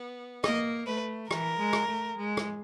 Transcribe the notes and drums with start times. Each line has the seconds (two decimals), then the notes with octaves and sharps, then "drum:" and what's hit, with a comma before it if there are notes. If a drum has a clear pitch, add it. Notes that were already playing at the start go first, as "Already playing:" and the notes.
Already playing: B3
0.44 A#3 D#5, drum: rim click
0.87 A3 B4
1.31 E3 A#4, drum: rim click
1.58 G#3
1.73 drum: rim click
1.87 A3
2.15 G#3
2.37 drum: rim click